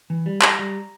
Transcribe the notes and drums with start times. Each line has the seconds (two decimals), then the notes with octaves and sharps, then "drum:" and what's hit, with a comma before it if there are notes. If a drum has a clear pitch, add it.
0.10 E3
0.26 G3
0.42 G3 A#5, drum: clap
0.59 G3